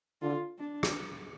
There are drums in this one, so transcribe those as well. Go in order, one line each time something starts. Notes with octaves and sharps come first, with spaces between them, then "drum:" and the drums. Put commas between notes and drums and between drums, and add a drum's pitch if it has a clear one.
D3 F4
D4
drum: rim click